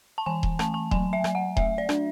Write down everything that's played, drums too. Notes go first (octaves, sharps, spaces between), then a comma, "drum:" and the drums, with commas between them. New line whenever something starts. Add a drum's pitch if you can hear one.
A5
E3 G#5
drum: kick D#1
A3 A5, drum: rim click
A5
F#3 G#5, drum: kick D#1
E5
F#3, drum: rim click
F#5
A3 E5, drum: kick D#1
D5
D4, drum: rim click